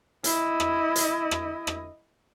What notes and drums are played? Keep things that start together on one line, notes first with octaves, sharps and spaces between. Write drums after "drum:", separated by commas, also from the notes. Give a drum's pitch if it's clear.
E4 D#5, drum: hi-hat
drum: rim click
drum: hi-hat
drum: rim click
drum: rim click